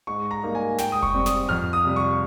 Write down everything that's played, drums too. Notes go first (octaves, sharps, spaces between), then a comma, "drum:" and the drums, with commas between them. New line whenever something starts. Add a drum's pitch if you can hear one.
G#2 C#6
A#5
G3 A#3 D#4
G#5
G#2 G5, drum: snare
D#6
C#6, drum: kick F1
G3 C4
D#6, drum: snare
F2 F6
D#6
C3 G3
C#6